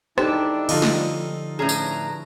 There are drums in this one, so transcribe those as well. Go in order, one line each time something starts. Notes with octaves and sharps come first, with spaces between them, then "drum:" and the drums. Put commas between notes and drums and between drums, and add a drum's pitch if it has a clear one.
E3 G#3 D4 D#4 G4 A4 G5 A5, drum: rim click
D3 F3 D#4 F4 A4, drum: cymbal
drum: snare
A2 C#4 D4 G#4 B4 A#5
drum: tambourine